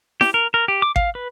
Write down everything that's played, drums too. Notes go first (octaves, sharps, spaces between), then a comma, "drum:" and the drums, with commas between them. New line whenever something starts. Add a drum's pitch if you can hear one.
G4, drum: snare E4
A#4
A#4
G4
D6
F5, drum: kick G#1
B4